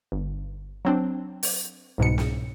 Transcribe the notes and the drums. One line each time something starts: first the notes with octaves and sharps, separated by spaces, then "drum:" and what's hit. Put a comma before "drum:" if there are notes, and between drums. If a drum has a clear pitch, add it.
G1
F#3 C4 D4
drum: open hi-hat
C2 G#2 B2 C#7
drum: snare